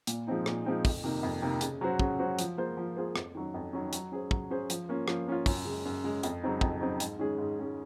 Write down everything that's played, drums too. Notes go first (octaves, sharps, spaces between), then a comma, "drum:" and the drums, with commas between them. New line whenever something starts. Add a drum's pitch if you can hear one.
A#2, drum: hi-hat
F3 G#3 C4 D#4
A#2, drum: rim click
F3 G#3 C4 D#4
F2, drum: kick, open hi-hat
C3 D#3 A#3
F2
C3 D#3 A#3
C#3, drum: hi-hat
F#3 C#4 F#4 C5
C#3, drum: kick
F#3 C#4 F#4 C5
F3, drum: hi-hat
A#3 F4 G#4 C5
F3
A#3 F4 G#4 C5
F2, drum: rim click
D#3 F#3 C#4
F2
D#3 F#3 C#4
F#3, drum: hi-hat
C#4 G#4 C5
F#3, drum: kick
C#4 G#4 C5
F3, drum: hi-hat
A#3 C#4 F4
F3, drum: rim click
A#3 C#4 F4
F#2, drum: kick, open hi-hat
C#3 G#3
F#2
C#3 G#3
F2, drum: hi-hat
C#3 F#3 C4 D#4
F2, drum: kick
C#3 F#3 C4 D#4
G#2, drum: hi-hat
D#3 G#3 C#4 G#4
G#2
D#3 G#3 C#4 G#4